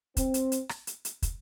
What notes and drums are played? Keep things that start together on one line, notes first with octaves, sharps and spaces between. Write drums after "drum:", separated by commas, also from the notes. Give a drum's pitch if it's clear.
C4, drum: kick, hi-hat
drum: hi-hat
drum: hi-hat
drum: rim click
drum: hi-hat
drum: hi-hat
drum: kick, hi-hat